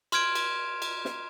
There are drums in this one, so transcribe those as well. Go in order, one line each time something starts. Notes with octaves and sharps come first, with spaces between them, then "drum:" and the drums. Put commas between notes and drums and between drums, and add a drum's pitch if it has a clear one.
C6 F6 G#6 D7, drum: cymbal
drum: cymbal
drum: cymbal
drum: snare